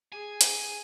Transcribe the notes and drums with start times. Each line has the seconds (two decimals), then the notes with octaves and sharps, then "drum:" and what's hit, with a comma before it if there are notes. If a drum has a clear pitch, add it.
0.12 G#4 G#5
0.41 drum: hi-hat